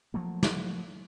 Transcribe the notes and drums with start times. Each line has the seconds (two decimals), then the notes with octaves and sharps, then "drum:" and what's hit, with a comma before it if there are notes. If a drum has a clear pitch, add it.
0.14 F3 F#3 A3 A#3
0.43 drum: snare